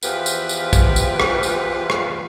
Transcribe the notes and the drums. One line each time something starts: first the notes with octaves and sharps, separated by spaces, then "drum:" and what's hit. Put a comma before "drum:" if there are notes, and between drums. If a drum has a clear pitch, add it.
E2 F3 F4 G4 B4, drum: tambourine
drum: tambourine
drum: tambourine
drum: kick, tambourine
drum: tambourine
drum: rim click
drum: tambourine
drum: rim click